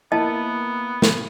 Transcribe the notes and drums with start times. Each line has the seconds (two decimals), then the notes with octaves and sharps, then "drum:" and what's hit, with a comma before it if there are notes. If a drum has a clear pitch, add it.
0.12 A#3 B3 E4 D#5 A5
1.02 drum: snare